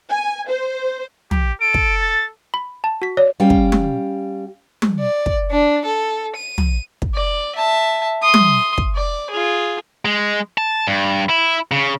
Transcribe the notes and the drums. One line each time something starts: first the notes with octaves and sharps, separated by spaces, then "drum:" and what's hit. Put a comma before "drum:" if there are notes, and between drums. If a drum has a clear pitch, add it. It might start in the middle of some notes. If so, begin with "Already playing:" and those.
G#5
C5
G4, drum: tom
A4 D7
drum: kick
A6
B5
A5
F#4 B6
C#5 D5
G3 C#4 F5 G5
drum: kick
drum: tom
drum: tom
D5
drum: kick
D4
A4
D#7
drum: tom
drum: kick
D5
E5 A5
C6 D#6
drum: tom
drum: kick
D5
F4 G#4
G#3
A5
G2
E4
C#3